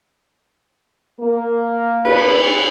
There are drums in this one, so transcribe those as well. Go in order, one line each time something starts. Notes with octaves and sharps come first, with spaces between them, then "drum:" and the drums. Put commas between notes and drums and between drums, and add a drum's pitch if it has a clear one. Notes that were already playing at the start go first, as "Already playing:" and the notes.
A#3
B4, drum: cymbal